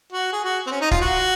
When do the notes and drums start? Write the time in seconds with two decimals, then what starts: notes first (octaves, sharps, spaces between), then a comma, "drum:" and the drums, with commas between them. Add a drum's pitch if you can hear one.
0.12 F#4
0.32 G#4
0.45 F#4
0.67 C4
0.71 C#4
0.81 D#4
0.91 F4, drum: kick
1.01 F#4